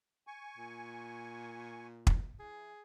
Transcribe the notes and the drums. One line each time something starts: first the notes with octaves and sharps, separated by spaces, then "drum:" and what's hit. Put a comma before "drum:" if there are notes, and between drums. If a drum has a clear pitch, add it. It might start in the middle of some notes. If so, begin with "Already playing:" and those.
G#5 C#6
A#2
drum: kick
E3 G#4